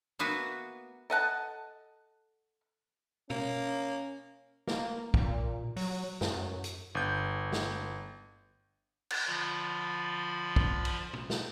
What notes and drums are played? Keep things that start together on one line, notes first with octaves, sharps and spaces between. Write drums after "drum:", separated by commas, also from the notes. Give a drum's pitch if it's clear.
A#3 B3 F#4 B4 E5 G#5
A4 D#5 F#5 A5
A#3 C#4, drum: tom B2
A#3, drum: snare
A#2, drum: kick
F#3, drum: open hi-hat
F#2, drum: snare
drum: hi-hat
G1 G6
drum: snare
drum: cymbal
D3 F3 F4 D5 B5
drum: kick
drum: cymbal
drum: tom B2
drum: snare